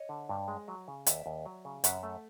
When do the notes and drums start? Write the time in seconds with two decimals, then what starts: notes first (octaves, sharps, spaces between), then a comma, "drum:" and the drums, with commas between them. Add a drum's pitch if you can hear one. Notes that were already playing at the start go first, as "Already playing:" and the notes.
Already playing: C#5 D#5
0.09 D3
0.29 G2
0.48 G#3
0.68 F#3
0.88 C#3
1.06 D#2 D5 E5, drum: hi-hat
1.26 D#2
1.46 F#3
1.65 C#3
1.84 F#2 E5 F#5, drum: hi-hat
2.03 A3